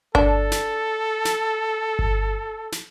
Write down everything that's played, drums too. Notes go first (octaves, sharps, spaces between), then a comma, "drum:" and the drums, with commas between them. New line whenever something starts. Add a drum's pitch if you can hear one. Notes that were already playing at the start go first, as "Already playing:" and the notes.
D4 A4, drum: kick G1
drum: snare
drum: snare
drum: kick G1
drum: snare